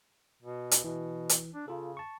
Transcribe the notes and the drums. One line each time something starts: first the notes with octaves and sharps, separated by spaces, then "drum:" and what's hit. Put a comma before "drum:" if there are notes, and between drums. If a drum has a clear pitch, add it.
B2
drum: hi-hat
B2 E3
drum: hi-hat
D4
C#3 F4 A4
A5 C#6